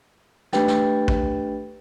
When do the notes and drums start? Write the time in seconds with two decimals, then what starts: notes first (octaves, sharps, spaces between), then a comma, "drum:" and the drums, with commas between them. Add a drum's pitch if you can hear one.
0.53 A3 D4 G4 B4 G5 A6, drum: snare
0.68 drum: snare
1.08 drum: kick